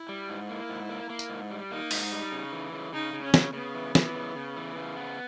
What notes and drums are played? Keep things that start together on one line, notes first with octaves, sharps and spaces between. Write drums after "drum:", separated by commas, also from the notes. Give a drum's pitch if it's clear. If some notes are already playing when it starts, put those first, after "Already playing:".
Already playing: E4
G3
G#2
A#3 E4
G#2
A#3
A#3
drum: tambourine
G#2
G3
A#3 D#4
G#2, drum: open hi-hat
G3
C#3
E3
C#3
C#3 D#4
C#3
C#4
C#3, drum: snare
C#3 B3
E3
E3, drum: snare
C#3
C#3
E3
C#3
B3